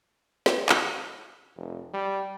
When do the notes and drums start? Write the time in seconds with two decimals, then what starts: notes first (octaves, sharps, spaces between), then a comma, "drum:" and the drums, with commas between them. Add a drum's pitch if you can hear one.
0.46 drum: snare
0.69 drum: clap
1.56 F1
1.94 G3